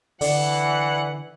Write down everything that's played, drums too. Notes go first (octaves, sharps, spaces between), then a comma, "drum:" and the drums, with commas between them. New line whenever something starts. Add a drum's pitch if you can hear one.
D3 E3 D5 F#5, drum: open hi-hat